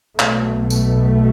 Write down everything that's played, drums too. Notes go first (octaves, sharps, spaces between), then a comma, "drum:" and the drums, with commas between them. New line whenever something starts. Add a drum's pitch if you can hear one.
B1 B2 A3, drum: clap
A3, drum: tambourine